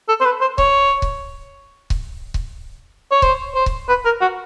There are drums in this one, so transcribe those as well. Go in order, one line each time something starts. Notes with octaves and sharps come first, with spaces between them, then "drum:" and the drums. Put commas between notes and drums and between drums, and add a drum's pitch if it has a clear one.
A4
C5
B4
C5
C#5, drum: kick C#1
drum: kick C#1
drum: kick C#1
drum: kick C#1
C#5
C5, drum: kick C#1
C5
drum: kick C#1
B4
A#4
F#4